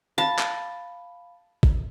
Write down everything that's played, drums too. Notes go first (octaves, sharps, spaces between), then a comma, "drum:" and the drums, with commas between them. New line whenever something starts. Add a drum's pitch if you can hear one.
F5 A5 B5
drum: clap
drum: kick G#1